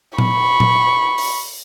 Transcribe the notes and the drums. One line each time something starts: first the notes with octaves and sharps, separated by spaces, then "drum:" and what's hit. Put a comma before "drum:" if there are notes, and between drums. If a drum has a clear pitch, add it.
B5 C#6, drum: tom A#2
drum: tom A#2
drum: open hi-hat